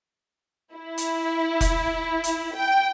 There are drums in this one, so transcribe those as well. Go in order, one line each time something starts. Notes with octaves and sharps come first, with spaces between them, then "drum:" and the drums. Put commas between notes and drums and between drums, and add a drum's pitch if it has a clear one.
E4
drum: hi-hat
drum: kick F1, hi-hat
drum: hi-hat
G5